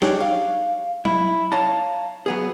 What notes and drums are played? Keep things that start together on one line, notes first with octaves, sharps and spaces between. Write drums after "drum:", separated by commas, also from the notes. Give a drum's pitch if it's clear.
D4 D#4 G4 G#4 C#5, drum: snare
F5
E4, drum: tom F#3
C#5 F5 A5 A#5
F#3 B3 G#4